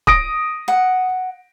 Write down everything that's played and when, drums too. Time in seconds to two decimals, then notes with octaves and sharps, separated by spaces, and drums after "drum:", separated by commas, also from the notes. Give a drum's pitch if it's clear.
0.07 D#6 A#6 D7, drum: kick
0.68 F#5